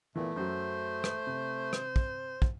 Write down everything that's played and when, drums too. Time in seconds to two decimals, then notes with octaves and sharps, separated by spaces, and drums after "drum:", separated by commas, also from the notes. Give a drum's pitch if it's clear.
0.16 A#2 E3 A3 B3
0.36 F#2 F#3 C5
1.04 drum: rim click
1.27 C3
1.73 drum: rim click
1.96 drum: kick
2.42 drum: kick